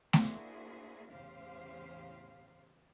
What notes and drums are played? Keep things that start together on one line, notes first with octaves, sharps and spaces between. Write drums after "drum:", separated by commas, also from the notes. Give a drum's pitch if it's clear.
A#3 D4 E4 F#4 G#4 C5, drum: snare A3
E2 A2 C#3 G4 C5 F5